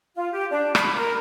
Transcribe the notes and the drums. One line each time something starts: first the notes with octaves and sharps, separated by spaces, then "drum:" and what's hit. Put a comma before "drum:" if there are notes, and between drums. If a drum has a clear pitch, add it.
F4
G4
D4
B5, drum: rim click
A#4